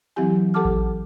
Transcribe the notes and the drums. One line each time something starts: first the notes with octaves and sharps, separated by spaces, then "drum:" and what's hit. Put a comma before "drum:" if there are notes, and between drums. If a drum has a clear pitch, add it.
E3 F#3 C4 E4 G4 G#5
G4 A4 F#5 A5 D6 F6
drum: kick A1